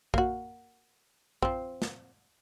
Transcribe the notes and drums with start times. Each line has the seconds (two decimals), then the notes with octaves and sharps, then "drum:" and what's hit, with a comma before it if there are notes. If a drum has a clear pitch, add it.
0.14 A#3 F#4, drum: kick
1.42 F3 C4, drum: kick
1.82 drum: snare